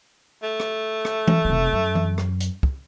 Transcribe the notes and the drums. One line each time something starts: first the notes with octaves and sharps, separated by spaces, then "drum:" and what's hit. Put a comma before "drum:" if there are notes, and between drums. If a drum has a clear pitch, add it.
A3
drum: rim click
drum: rim click
drum: tom E3
F1 C4
F#2
drum: tom E3
drum: rim click
drum: hi-hat
drum: kick